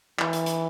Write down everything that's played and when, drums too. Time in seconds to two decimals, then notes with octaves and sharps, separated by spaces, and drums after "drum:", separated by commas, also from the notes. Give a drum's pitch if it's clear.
0.19 E3, drum: clap
0.33 drum: hi-hat
0.46 drum: hi-hat